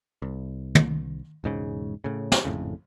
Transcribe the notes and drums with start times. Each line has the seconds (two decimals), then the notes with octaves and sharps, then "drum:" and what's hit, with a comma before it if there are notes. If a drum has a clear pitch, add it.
0.22 C2
0.75 drum: tom
1.44 E1 G#2 C#3
2.04 A2 C#3
2.32 drum: snare
2.45 G#1 F2 A2 C#3